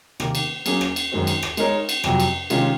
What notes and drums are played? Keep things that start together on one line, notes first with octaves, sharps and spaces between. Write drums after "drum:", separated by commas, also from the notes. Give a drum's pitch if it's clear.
C3 D#3 A#3, drum: rim click
drum: cymbal
F#3 A#3 C#4 G#4, drum: cymbal
drum: rim click
drum: cymbal
F#2 D#3 G#3 C4 F#4
drum: cymbal
drum: rim click
G#3 D#4 A#4 C#5, drum: cymbal
drum: cymbal
F2 C3 F#3, drum: rim click
drum: cymbal
C3 D#3 G#3 C#4 F4, drum: cymbal